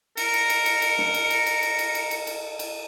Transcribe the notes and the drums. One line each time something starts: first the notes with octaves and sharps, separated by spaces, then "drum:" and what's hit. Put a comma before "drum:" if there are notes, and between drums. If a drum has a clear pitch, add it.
A#4 C#7, drum: cymbal
drum: cymbal
drum: cymbal
drum: cymbal
drum: cymbal
drum: snare
drum: cymbal
drum: cymbal
drum: cymbal
drum: cymbal
drum: cymbal
drum: cymbal
drum: cymbal
drum: cymbal
drum: cymbal